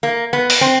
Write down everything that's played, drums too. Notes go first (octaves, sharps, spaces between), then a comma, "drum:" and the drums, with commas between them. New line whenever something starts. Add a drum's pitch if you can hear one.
A#3
B3
drum: open hi-hat
C4